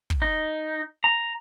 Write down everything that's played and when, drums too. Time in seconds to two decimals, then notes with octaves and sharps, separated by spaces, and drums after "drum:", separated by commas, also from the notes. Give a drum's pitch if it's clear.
0.10 drum: kick
0.22 D#4
1.04 A#5